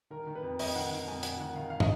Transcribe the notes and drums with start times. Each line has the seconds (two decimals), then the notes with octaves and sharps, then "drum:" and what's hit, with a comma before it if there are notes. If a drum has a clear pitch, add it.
0.10 D#3 A#4
0.27 D#3
0.35 B4
0.43 F2
0.59 F2 D#5, drum: open hi-hat
0.75 D#3 F#5
0.91 D#3 F#5
1.08 F2 G#5
1.23 F2 F#5, drum: hi-hat
1.40 D#3 F#5
1.56 D#3 F5
1.70 F5
1.80 D#5, drum: tom